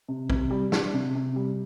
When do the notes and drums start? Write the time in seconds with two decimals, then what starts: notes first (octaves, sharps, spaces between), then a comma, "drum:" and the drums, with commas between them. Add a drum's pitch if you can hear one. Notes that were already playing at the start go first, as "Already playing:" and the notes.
0.08 C3
0.30 C3, drum: kick A#1
0.51 G3
0.72 D4, drum: snare
0.94 C3
1.15 C3
1.36 G3